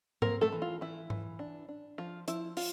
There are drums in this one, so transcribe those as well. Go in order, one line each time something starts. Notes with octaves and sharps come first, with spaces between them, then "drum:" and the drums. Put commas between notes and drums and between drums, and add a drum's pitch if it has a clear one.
A#3 C4 A#4, drum: tom G#2
A3 A4
E3
F4
E3 E4
E3, drum: tom G#2
D4
D4
F3 F4
F3 E4, drum: hi-hat
F4, drum: open hi-hat